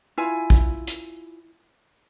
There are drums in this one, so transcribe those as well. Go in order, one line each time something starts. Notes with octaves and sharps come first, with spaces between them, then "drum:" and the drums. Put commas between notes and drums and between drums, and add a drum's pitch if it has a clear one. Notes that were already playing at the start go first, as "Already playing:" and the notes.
E4 F4 G#5
drum: kick
drum: hi-hat